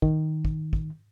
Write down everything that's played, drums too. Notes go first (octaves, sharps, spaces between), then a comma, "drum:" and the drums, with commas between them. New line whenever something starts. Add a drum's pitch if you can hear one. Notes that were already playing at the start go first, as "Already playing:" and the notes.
D#3, drum: kick
drum: kick
drum: kick